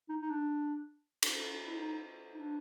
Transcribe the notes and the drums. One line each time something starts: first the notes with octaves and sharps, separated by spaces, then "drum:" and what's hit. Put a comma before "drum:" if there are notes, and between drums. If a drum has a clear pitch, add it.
D#4
D#4
D4
drum: cymbal
E4
D#4
D#4
D4